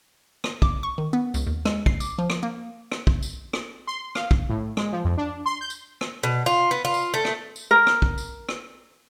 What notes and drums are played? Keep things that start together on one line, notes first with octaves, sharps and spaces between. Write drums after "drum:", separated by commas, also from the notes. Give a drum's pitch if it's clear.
drum: rim click
D6, drum: kick
C#6
D#3
B3
C#2, drum: tambourine
D#2
G#3, drum: rim click
C7, drum: kick
D6, drum: tambourine
F3
drum: rim click
A#3
drum: rim click
drum: kick
drum: tambourine
drum: rim click
C6
F5, drum: rim click
drum: kick
A2
G#3, drum: rim click
F3
F2
D4
C6
G6
drum: tambourine
drum: rim click
B2
F4
B3
F4
drum: tambourine
A3
drum: rim click
drum: tambourine
A#4
drum: rim click
drum: kick
drum: tambourine
drum: rim click